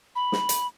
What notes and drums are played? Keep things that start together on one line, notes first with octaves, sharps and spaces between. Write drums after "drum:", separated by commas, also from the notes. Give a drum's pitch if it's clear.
B5
drum: snare
drum: hi-hat